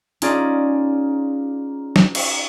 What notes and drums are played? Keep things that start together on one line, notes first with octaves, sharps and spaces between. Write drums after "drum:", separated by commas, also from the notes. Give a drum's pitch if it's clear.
C#4 D#4 F4 G#4 D5, drum: hi-hat
drum: snare
drum: cymbal